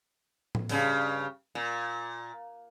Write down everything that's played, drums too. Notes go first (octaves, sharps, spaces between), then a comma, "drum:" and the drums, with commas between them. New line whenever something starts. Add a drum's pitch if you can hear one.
drum: tom A2
G2 C#3, drum: open hi-hat
A#2